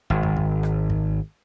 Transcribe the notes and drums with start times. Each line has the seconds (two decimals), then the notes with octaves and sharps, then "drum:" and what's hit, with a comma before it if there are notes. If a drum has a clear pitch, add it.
0.10 G#1
0.23 drum: kick
0.37 drum: kick
0.63 drum: rim click
0.90 drum: kick